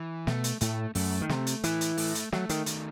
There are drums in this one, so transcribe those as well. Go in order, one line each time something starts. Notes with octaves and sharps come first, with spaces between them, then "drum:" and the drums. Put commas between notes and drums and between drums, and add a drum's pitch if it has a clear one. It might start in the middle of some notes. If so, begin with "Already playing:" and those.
Already playing: E3
B2 A3, drum: snare
drum: hi-hat
A2 A3, drum: hi-hat
F#2 A3, drum: open hi-hat
D#3
C3 A3, drum: snare
drum: hi-hat
E3 E4, drum: hi-hat
drum: hi-hat
A3, drum: open hi-hat
drum: hi-hat
F#3 A3, drum: snare
D#3, drum: hi-hat
D#3, drum: hi-hat